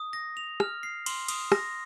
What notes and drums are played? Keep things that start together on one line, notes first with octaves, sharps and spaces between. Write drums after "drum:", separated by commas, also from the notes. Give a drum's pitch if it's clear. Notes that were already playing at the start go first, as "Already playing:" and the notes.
Already playing: D#6
A#6
F7
F6, drum: rim click
C7
C6, drum: cymbal
D#6, drum: cymbal
A#6, drum: rim click